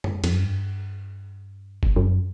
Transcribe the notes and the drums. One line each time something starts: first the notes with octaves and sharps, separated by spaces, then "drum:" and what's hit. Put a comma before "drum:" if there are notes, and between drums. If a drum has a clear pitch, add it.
drum: tom F#2
F2, drum: cymbal
F#2
G2
drum: kick F#1
F#2